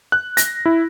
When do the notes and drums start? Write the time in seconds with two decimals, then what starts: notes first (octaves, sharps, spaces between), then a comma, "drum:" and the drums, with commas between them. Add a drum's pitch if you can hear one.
0.12 F#6
0.37 A#6, drum: hi-hat
0.66 E4